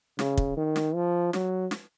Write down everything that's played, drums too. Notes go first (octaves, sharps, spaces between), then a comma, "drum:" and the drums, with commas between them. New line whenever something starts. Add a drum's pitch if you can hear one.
C#3, drum: snare
drum: kick
D#3
drum: snare
F3
F#3, drum: snare
drum: snare